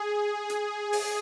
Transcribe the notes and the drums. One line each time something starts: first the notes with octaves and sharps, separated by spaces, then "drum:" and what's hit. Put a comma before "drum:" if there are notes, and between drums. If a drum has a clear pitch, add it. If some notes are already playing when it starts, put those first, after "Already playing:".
Already playing: G#4
G#4, drum: hi-hat
drum: open hi-hat